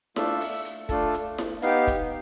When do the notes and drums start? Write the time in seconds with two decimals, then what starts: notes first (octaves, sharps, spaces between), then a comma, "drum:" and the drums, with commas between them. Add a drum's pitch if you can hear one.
0.16 A3 D4 F4 A4 E5, drum: snare E4
0.41 drum: open hi-hat
0.65 drum: hi-hat
0.89 A3 D4 F4 A4, drum: kick, hi-hat
1.14 drum: hi-hat
1.38 drum: snare E4
1.62 B3 D#4 G4 F5, drum: hi-hat
1.87 drum: kick, hi-hat